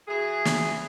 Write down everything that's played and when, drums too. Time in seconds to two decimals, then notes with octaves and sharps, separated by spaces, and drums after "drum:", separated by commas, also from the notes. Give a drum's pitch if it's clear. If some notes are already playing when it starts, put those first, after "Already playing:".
0.08 E3 F#4 G#4
0.45 drum: snare